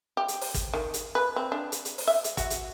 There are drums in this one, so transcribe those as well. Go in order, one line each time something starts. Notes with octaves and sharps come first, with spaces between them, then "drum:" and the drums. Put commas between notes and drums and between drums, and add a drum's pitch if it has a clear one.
G4
drum: hi-hat
drum: open hi-hat
drum: kick, hi-hat
D#3
drum: hi-hat
B4
C4
D4
drum: hi-hat
drum: hi-hat
drum: open hi-hat
E5
drum: hi-hat
F#4, drum: kick, hi-hat
drum: hi-hat